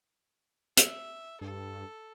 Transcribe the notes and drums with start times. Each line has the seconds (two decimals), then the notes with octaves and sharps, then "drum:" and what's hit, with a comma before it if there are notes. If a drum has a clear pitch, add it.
0.77 E5, drum: hi-hat
1.41 G2 A4